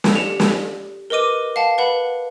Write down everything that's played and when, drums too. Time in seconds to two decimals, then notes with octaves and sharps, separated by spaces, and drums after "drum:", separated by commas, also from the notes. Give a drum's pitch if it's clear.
0.04 drum: snare
0.16 G4 C#7 F7
0.40 drum: snare
1.10 A#4 B4 D#5 D6 D#7
1.56 F5 F#5 A5
1.78 B4 F#5 B5